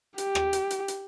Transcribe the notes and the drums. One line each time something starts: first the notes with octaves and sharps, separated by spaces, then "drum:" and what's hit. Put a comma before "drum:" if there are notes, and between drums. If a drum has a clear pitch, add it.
G4, drum: hi-hat
drum: rim click
drum: hi-hat
drum: hi-hat
drum: hi-hat